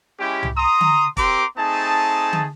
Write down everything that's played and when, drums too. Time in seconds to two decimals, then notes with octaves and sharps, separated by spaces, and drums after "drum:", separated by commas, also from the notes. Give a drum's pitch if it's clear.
0.18 G#3 C#4 E4 G4
0.43 drum: tom C2
0.55 A#5 C6 D#6
0.81 drum: tom D3
1.17 C4 G4 A#4 A#5 C6 D6, drum: kick, hi-hat
1.57 A3 C4 D#4 G#4 A5
2.33 drum: tom D3